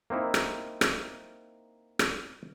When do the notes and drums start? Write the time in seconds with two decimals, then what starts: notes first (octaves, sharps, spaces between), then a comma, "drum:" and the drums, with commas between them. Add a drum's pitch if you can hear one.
0.10 A#3 C4 D#4 E4
0.34 drum: rim click
0.81 drum: rim click
1.99 drum: rim click